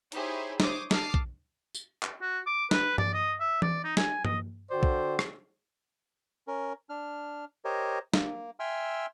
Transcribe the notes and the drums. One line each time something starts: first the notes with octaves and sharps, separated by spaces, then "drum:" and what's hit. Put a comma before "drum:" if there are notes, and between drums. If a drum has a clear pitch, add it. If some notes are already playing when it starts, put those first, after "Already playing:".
D#4 E4 G4 G#4 C5 C#5, drum: hi-hat
C5 C#5 D6 D#6, drum: snare
A5 D6 D#6 F6 C7, drum: snare
drum: kick A#1
drum: tambourine
drum: clap
F#4
D6
B4, drum: snare
D5, drum: tom G2
D#5
E5
D5, drum: tom E3
D#4
G#5, drum: snare
D#5, drum: tom G2
D3 F#4 C5 D5 G5
drum: kick A#1
drum: rim click
C#4 A#4
D4 F6
G4 A#4 C5 C#5 D#5
A#3, drum: snare
E5 G5 G#5 C6 E6 F6